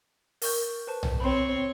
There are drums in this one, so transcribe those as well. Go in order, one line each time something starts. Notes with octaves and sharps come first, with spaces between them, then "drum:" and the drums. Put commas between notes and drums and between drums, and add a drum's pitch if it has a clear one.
A#4 C#6 G6, drum: open hi-hat
B4 C5 A5
drum: tom B1
C4 C#5 B5 C6